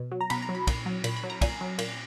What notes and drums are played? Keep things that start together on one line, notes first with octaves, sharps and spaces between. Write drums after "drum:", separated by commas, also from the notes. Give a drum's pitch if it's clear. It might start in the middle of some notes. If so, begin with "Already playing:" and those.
Already playing: B2
F#3
A#5
B2 B5, drum: cymbal
A#5
F#3
B5
A#2, drum: kick, cymbal
F#3
A#2 B5, drum: cymbal
B5
F#3
A#5
A#2 G#5, drum: kick, cymbal
F#3
A#2, drum: cymbal